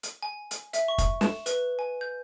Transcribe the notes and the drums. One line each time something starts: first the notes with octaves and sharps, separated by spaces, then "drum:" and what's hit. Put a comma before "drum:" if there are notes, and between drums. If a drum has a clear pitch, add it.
drum: hi-hat
G#5
drum: hi-hat
E5, drum: hi-hat
C#6
drum: kick, hi-hat
E7, drum: snare
B4, drum: hi-hat
G#5
G6